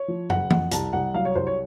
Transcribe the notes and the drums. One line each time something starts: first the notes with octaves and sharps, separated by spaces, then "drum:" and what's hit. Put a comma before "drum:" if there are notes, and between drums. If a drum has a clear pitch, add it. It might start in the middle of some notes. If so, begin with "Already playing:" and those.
Already playing: C#5
F3
F#1 F#5, drum: tom
F2 F#5, drum: tom
C2 A5, drum: hi-hat
C2 F#5
F#3 F5
C#5
C2 C5
C#5